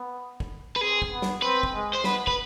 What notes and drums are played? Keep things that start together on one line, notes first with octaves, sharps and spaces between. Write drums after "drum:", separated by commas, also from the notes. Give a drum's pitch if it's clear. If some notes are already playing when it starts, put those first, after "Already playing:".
Already playing: B3
drum: kick
B4
C4 G#4
drum: kick
B3
drum: snare
C4 B4
drum: kick
G#3
C5
B3 B4, drum: snare
B4, drum: kick